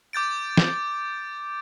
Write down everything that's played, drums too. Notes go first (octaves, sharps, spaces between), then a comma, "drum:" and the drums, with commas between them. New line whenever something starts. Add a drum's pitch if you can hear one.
D6 G6 A6 D7
drum: snare